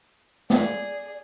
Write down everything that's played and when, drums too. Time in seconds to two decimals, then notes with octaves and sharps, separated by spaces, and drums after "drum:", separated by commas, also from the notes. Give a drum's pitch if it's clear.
0.50 G#4 D5, drum: snare